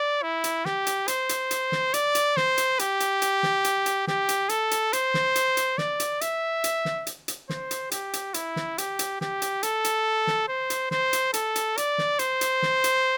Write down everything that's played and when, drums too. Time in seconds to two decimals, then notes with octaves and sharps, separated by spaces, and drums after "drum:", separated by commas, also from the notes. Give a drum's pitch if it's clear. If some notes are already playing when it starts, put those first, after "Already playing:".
Already playing: D5
0.23 E4
0.44 drum: hi-hat
0.65 G4, drum: snare
0.87 drum: hi-hat
1.08 C5, drum: hi-hat
1.29 drum: hi-hat
1.51 drum: hi-hat
1.72 drum: snare
1.94 D5, drum: hi-hat
2.15 drum: hi-hat
2.37 C5, drum: snare
2.58 drum: hi-hat
2.79 G4, drum: hi-hat
3.00 drum: hi-hat
3.22 drum: hi-hat
3.43 drum: snare
3.64 drum: hi-hat
3.86 drum: hi-hat
4.07 G4, drum: snare
4.29 drum: hi-hat
4.49 A4, drum: hi-hat
4.71 drum: hi-hat
4.93 C5, drum: hi-hat
5.14 drum: snare
5.36 drum: hi-hat
5.57 drum: hi-hat
5.78 D5, drum: snare
6.00 drum: hi-hat
6.21 E5, drum: hi-hat
6.64 drum: hi-hat
6.85 drum: snare
7.07 drum: hi-hat
7.28 drum: hi-hat
7.49 C5, drum: snare
7.71 drum: hi-hat
7.91 G4, drum: hi-hat
8.13 drum: hi-hat
8.34 E4, drum: hi-hat
8.56 drum: snare
8.78 G4, drum: hi-hat
8.99 drum: hi-hat
9.21 G4, drum: snare
9.42 drum: hi-hat
9.63 A4, drum: hi-hat
9.84 drum: hi-hat
10.27 drum: snare
10.48 C5
10.70 drum: hi-hat
10.91 C5, drum: snare
11.13 drum: hi-hat
11.34 A4, drum: hi-hat
11.56 drum: hi-hat
11.77 D5, drum: hi-hat
11.98 drum: snare
12.19 C5, drum: hi-hat
12.41 drum: hi-hat
12.62 drum: snare
12.84 drum: hi-hat